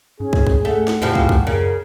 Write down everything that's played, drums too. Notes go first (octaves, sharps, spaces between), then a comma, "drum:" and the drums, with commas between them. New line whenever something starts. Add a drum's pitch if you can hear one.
G#2 C#4 G#4
drum: kick
drum: kick
A3 F#5
drum: snare
F2 A2 C#3 F3 G4
drum: kick
drum: kick
F#2 C#3 A#4